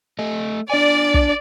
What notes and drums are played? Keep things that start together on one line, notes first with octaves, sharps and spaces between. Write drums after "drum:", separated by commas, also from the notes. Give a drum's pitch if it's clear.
A3 D#5
D4 D5 G#5
drum: kick